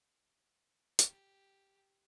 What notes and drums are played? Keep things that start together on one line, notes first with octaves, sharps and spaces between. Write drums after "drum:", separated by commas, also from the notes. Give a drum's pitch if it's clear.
G4, drum: hi-hat